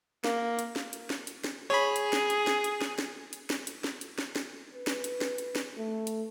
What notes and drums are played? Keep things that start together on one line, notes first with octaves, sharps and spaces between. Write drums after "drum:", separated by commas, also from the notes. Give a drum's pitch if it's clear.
A#3, drum: snare
drum: hi-hat
drum: snare
drum: hi-hat
drum: snare
drum: hi-hat
drum: snare
G#4 C#5 B5
drum: hi-hat
drum: snare
drum: hi-hat
drum: snare
drum: hi-hat
drum: snare
drum: snare
drum: hi-hat
drum: snare
drum: hi-hat
drum: snare
drum: hi-hat
drum: snare
drum: snare
B4
drum: snare
drum: hi-hat
drum: snare
drum: hi-hat
drum: snare
A3
drum: hi-hat